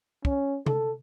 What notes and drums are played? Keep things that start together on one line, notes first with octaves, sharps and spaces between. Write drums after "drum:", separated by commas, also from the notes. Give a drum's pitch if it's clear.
C#4, drum: kick
A4, drum: tom C3